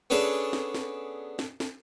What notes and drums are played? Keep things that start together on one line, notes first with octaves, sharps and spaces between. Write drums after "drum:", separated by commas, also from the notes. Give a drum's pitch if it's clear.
B3 C#4 D4 G#4 A4
drum: snare
drum: snare
drum: snare
drum: snare